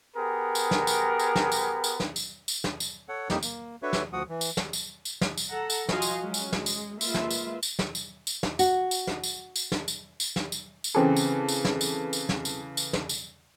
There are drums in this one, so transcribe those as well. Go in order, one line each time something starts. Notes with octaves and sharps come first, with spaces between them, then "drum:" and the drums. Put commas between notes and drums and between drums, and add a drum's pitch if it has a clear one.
B3 G4 G#4 A#4
drum: tambourine
drum: snare
drum: tambourine
drum: tambourine
drum: snare
drum: tambourine
drum: tambourine
drum: snare
drum: tambourine
drum: tambourine
drum: snare
drum: tambourine
A4 C#5 F#5
F2 G3 A#3 D#4 G4, drum: snare
A#3, drum: tambourine
D4 F#4 A4 B4 C#5 E5
drum: snare
D2 F3 F#4 F#5 D#6
E3
drum: tambourine
drum: snare
drum: tambourine
drum: tambourine
drum: snare
drum: tambourine
A4 F#5 A#5
drum: tambourine
F3 F#4 D#5 F5 G#5 C6, drum: snare
drum: tambourine
F#3 G#3 C#4
drum: tambourine
G#3, drum: snare
drum: tambourine
G#3 A#3 F4 B4 E5, drum: tambourine
drum: snare
drum: tambourine
drum: tambourine
drum: snare
drum: tambourine
drum: tambourine
drum: snare
F#4, drum: tambourine
drum: tambourine
drum: snare
drum: tambourine
drum: tambourine
drum: snare
drum: tambourine
drum: tambourine
drum: snare
drum: tambourine
drum: tambourine
C#3 E3 C4 G#4 A4
drum: tambourine
drum: tambourine
drum: snare
drum: tambourine
drum: tambourine
drum: snare
drum: tambourine
drum: tambourine
drum: snare
drum: tambourine